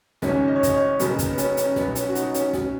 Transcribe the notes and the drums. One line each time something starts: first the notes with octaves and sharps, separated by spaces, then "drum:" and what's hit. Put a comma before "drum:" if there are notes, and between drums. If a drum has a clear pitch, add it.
G#1 F#2 C#3 F#3 C#4, drum: snare
D#5
C#5
D#5, drum: kick, hi-hat
C#5
F#1 F#2 C#3 F#3 B3, drum: hi-hat
drum: kick, hi-hat
B3
C#4, drum: hi-hat
C#4, drum: hi-hat
B1 B2 F#3 B3, drum: snare
C#4, drum: hi-hat
F#4
D#4, drum: hi-hat
C#4, drum: hi-hat
B2 F#3 C#4, drum: snare